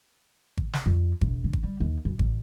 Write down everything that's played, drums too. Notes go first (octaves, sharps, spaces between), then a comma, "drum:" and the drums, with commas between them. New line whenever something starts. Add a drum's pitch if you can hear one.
drum: kick G#1
drum: snare
F2
E1, drum: kick G#1
D3
drum: kick G#1
G3
D#2
F#2
A1, drum: kick G#1